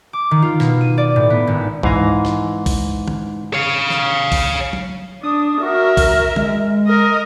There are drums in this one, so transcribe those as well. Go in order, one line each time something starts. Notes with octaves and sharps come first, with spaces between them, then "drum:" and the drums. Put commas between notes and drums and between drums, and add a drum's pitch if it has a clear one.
D6
D#3
F4
B2, drum: snare
D#7
D5
A2
B3
G#1
G#2 E3 F5 G#5 A#5, drum: kick A#1
drum: snare
drum: kick A#1, open hi-hat
drum: tom
C#5 F5
drum: snare
drum: kick A#1, open hi-hat
drum: tom F#3
D4 D#6
F#4 A#4 E5
drum: kick A#1, open hi-hat
G#3, drum: tom
A#4 D#5